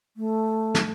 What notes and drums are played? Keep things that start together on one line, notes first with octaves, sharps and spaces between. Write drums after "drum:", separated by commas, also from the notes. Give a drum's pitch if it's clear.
A3
drum: snare